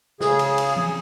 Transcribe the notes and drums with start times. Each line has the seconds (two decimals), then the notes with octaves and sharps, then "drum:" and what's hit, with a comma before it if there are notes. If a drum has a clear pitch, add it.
0.21 C#3 G#4, drum: snare
0.39 drum: cymbal
0.58 drum: cymbal
0.76 drum: tom E3